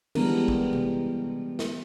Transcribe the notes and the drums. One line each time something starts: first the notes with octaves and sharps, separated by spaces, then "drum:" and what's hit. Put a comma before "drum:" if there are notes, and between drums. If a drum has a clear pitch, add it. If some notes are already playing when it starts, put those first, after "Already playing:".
E3 G3 G#3 B3 D4 A#4, drum: cymbal
drum: kick
drum: tom C3
drum: snare